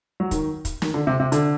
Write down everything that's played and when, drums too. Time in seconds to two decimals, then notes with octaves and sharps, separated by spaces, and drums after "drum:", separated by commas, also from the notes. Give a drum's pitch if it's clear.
0.20 F#3
0.31 D#3, drum: kick, hi-hat
0.65 drum: kick, hi-hat
0.82 D#3, drum: snare
0.94 D3
1.07 C3
1.20 C3
1.32 D3, drum: hi-hat